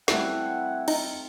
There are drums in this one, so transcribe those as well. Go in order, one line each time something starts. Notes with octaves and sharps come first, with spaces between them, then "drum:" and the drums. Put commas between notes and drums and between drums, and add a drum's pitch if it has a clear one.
G3 A3 C4 E4 E5 F#5, drum: snare
D#4 F4, drum: cymbal